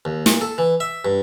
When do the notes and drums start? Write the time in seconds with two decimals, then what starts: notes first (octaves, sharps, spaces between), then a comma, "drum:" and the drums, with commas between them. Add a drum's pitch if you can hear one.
0.05 D#2
0.26 A#2, drum: snare
0.41 A4
0.58 E3
0.80 E5
1.05 G2